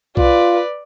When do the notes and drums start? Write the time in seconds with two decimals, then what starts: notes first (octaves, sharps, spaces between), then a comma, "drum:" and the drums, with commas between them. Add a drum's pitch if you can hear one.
0.17 F4 B4 D5, drum: kick B1